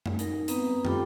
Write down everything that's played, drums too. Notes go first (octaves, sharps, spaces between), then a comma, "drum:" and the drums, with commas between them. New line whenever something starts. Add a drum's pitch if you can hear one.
drum: tom
D#4 A#4, drum: hi-hat
B3 C4 B4 A#5 D#6, drum: hi-hat
F4 G4 A4 G5 B5 D6, drum: tom